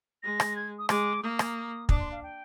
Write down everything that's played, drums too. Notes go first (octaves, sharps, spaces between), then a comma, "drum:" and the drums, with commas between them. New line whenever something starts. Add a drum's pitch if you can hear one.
G#3 A#6
drum: rim click
G#6
D#6
G#3 D6, drum: rim click
A#3 D#6
drum: rim click
D4 D#6, drum: kick
C6
F5
G5